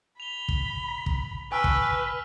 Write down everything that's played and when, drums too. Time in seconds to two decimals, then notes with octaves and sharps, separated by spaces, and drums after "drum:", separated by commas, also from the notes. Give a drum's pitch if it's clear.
0.20 B5 F7 G7
0.49 drum: kick
1.06 drum: kick
1.52 B4 G#5 A5 C#6 E6 F6
1.64 drum: kick